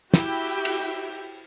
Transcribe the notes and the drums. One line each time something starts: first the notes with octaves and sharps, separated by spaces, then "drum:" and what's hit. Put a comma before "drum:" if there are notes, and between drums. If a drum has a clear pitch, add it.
E4 F#4 G4 E5 G5, drum: snare
drum: cymbal